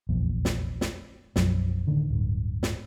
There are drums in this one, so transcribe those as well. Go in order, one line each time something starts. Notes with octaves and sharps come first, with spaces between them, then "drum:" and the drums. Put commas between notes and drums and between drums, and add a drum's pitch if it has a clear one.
F1 A#1 E2
drum: snare
drum: snare
B1 F#2 F3, drum: snare
D1 D2 D3 D#3
D1 G2
drum: snare